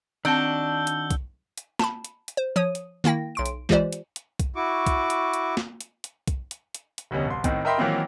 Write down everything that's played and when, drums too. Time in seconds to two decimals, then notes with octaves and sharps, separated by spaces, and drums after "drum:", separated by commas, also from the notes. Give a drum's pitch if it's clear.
0.25 D#3 C4 D4 F#4 A5 E6 G6 G7
0.87 drum: hi-hat
1.11 drum: kick B1, hi-hat
1.58 drum: hi-hat
1.79 A5 B5, drum: snare
2.05 drum: hi-hat
2.28 drum: hi-hat
2.37 C5
2.56 F3 C#5 D#6 D#7
2.75 drum: hi-hat
3.04 D#3 A#3 E4 G5 A#6
3.35 B1 C6 D7
3.46 drum: hi-hat
3.69 E3 G#3 F4 G4 C5 D5, drum: kick B1
3.93 drum: hi-hat
4.16 drum: hi-hat
4.40 drum: kick B1, hi-hat
4.56 E4 F#4 C#6 D6
4.87 drum: kick B1, hi-hat
5.10 drum: hi-hat
5.34 drum: hi-hat
5.57 drum: snare
5.81 drum: hi-hat
6.04 drum: hi-hat
6.28 drum: kick B1, hi-hat
6.51 drum: hi-hat
6.75 drum: hi-hat
6.98 drum: hi-hat
7.11 F1 D2 G3 B3 C#4 D#5
7.27 C2 C6
7.44 A2 D#3 C4 D#4, drum: kick B1, hi-hat
7.65 A#4 D#5 E5 G5 B5 C6
7.78 D#3 E3 F#3 A#3 C4 F4